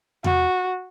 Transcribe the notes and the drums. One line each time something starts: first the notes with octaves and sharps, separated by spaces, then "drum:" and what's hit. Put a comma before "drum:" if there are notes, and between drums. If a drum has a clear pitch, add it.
F#4, drum: tom E2